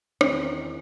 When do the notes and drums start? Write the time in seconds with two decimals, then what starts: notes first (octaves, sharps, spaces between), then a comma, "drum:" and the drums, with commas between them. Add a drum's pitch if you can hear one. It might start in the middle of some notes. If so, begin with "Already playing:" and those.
0.21 E2 A2 D#3 C4 C#4 D#4, drum: rim click